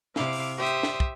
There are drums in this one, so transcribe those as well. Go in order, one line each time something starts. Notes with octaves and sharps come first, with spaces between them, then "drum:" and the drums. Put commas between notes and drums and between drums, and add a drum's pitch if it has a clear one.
C3 E4 F5 D6, drum: snare
drum: open hi-hat
G4 C5 E5 D#6
drum: hi-hat
drum: snare
drum: kick